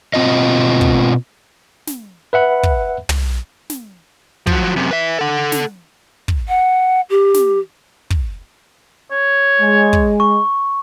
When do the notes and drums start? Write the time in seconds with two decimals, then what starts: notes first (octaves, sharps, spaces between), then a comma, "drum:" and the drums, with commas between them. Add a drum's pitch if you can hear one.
0.14 B2 C4 F4 D#5
0.81 drum: kick
1.87 drum: snare
2.33 B4 E5 F#5 B5
2.63 drum: kick
3.09 drum: tom
3.70 drum: snare
4.47 F3 F#3, drum: kick
4.76 F#2 C3
4.91 B4 E5
5.19 A4 F#5
5.52 drum: snare
6.28 drum: kick
6.48 F#5
7.10 G4
7.34 drum: snare
8.10 drum: kick
9.11 C#5
9.60 G#3
9.93 drum: kick
10.20 C#6